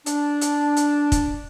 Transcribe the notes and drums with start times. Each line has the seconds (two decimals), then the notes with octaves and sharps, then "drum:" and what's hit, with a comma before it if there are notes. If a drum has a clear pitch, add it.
0.06 D4, drum: hi-hat
0.41 drum: hi-hat
0.77 drum: hi-hat
1.12 drum: kick, hi-hat